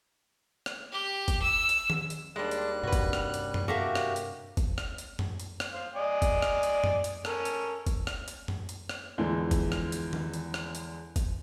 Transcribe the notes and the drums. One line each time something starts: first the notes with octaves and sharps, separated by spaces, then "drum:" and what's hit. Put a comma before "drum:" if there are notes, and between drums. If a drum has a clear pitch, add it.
drum: rim click
G4
drum: kick, hi-hat
E6
drum: hi-hat
drum: tom D#3
drum: hi-hat
D#2 G3 G#3 D4 F#6
drum: hi-hat
G2 C3 F#4 B4
drum: kick, hi-hat
drum: rim click
drum: hi-hat
drum: tom F#2
A#3 F#4 G4 A4 E5 F5
drum: rim click
drum: hi-hat
drum: kick, hi-hat
drum: rim click
drum: hi-hat
drum: tom F#2
drum: hi-hat
drum: rim click
C5 F5
D5 D#5 G#5
drum: kick, hi-hat
drum: rim click
drum: hi-hat
drum: tom F#2
drum: hi-hat
C#4 A4 A#4, drum: rim click
drum: hi-hat
drum: kick, hi-hat
drum: rim click
drum: hi-hat
drum: tom F#2
drum: hi-hat
drum: rim click
E2 D3 E3 F3 G#3
drum: kick, hi-hat
drum: rim click
drum: hi-hat
drum: tom D#3
drum: hi-hat
drum: rim click
drum: hi-hat
drum: kick, hi-hat